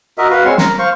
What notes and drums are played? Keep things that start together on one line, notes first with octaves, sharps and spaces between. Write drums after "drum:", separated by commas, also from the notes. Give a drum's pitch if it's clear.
F#4 A#4 D#5 E5
F#4 B4 F5
G#3 C4 C#5 C6
A#4, drum: snare
C5 F5 C#6